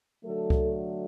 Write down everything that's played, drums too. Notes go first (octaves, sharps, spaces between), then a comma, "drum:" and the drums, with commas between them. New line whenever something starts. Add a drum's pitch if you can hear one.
D3 F#3 A3 A4
drum: kick C2